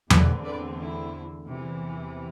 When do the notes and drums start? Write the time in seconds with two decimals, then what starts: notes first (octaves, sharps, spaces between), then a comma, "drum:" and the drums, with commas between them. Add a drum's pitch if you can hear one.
0.10 E2 D3 A3 C4 B4 D5, drum: tom E2
0.44 B4 D5
0.78 E4
1.46 E2 C3 E3